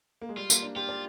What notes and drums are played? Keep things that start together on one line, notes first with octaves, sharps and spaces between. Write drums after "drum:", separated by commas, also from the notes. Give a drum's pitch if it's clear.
A#3
G#3
G3 F4
A#3, drum: tambourine
D4
F4 G4
D5